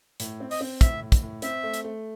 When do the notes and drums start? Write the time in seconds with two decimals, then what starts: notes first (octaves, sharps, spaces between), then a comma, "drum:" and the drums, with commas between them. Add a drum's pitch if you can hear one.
0.20 A2, drum: hi-hat
0.40 C4
0.51 D#5, drum: open hi-hat
0.61 C4
0.81 A2 E5, drum: kick, hi-hat
1.02 A2
1.12 drum: kick, hi-hat
1.22 A2
1.42 C4 E5, drum: hi-hat
1.63 A3
1.74 drum: hi-hat
1.84 A3